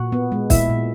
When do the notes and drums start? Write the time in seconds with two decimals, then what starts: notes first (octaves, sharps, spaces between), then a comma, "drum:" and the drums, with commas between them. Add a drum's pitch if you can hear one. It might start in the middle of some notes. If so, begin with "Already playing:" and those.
Already playing: A#2 F#4 F#5
0.12 B3
0.32 G#3
0.50 A#2 E4 E5, drum: kick, open hi-hat
0.70 A#2